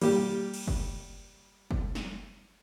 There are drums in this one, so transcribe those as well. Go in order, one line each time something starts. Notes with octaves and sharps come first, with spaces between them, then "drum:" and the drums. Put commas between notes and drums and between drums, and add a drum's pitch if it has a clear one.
G3 A#3 G4, drum: cymbal
drum: cymbal
drum: kick F#1
drum: kick F#1
drum: snare